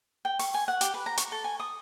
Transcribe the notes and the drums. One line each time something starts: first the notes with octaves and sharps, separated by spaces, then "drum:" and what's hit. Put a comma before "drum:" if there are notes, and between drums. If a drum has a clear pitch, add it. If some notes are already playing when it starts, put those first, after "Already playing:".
G5
C#6, drum: open hi-hat
G#5
F#5
G4, drum: hi-hat
B4
A#5
C#6, drum: hi-hat
A4
G#5
D#6